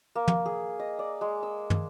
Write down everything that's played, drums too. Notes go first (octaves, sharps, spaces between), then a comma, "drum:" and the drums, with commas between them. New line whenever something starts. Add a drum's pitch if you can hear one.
A#3
drum: tom
G#4
D#5
D5
G#3
E6
drum: tom